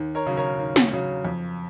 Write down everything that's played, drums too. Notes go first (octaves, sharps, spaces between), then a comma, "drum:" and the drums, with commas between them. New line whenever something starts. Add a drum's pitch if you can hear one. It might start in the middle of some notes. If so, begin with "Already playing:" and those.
Already playing: D#2
A#4 C#5
C#3 F#3
A#4 C#5
D#2
drum: snare
C#3 F#3
F2